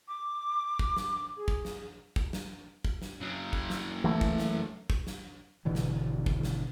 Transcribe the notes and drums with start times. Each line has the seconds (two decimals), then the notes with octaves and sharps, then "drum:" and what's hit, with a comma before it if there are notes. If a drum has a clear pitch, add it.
0.08 D6
0.79 drum: kick
0.97 drum: snare
1.37 G#4
1.48 drum: kick
1.65 drum: snare
2.16 drum: kick
2.33 drum: snare
2.85 drum: kick
3.02 drum: snare
3.21 C#3 F#3
3.53 drum: kick
3.70 drum: snare
4.04 E3 A3
4.21 drum: kick
4.38 drum: snare
4.90 drum: kick
5.07 drum: snare
5.65 G#1 B2 D3 E3
5.75 drum: snare
6.26 drum: kick
6.43 drum: snare